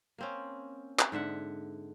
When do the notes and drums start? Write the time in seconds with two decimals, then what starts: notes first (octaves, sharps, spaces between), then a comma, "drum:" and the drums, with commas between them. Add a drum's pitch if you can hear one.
0.18 A#3 C4 C#4
0.99 drum: clap
1.12 G#2 D3 E5 F#5